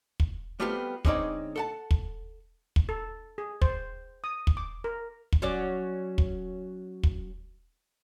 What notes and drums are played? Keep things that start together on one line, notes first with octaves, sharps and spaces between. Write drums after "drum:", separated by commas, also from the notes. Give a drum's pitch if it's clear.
drum: kick
G3 A3 B3 C4 F4 G4
D3 G#3 C4 C#4 D#4 D5, drum: kick
A4 F#5 A5
drum: kick
drum: kick
A4
G#4
C5, drum: kick
D#6
drum: kick
D6
A#4
drum: kick
F#3 C#4 D5
drum: kick
drum: kick